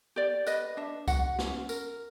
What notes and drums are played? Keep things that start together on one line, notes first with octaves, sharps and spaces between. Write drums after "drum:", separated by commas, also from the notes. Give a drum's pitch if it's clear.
G4 D5
B4 D#5, drum: tambourine
D4 E5
F#4 F#5, drum: kick C2, tambourine
C#4, drum: snare
A#4, drum: tambourine